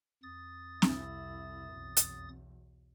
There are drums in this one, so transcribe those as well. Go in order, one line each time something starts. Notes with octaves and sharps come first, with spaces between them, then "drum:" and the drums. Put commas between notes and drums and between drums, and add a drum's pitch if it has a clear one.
F2 D#6 A6
C2 E4, drum: snare C4
B1 E2
drum: hi-hat